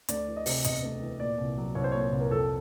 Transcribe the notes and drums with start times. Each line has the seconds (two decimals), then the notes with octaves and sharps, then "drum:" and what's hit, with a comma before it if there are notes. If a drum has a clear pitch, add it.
0.09 D2 D5, drum: hi-hat
0.28 E3
0.36 D#5
0.46 C3, drum: open hi-hat
0.64 E1 D#5, drum: hi-hat
0.83 D2
1.02 E3
1.20 A#2 D5
1.38 C2
1.58 F#3
1.75 C2 C#5
1.84 C5
1.92 A#2 C#5
2.12 C2
2.20 A#4
2.31 F2 A4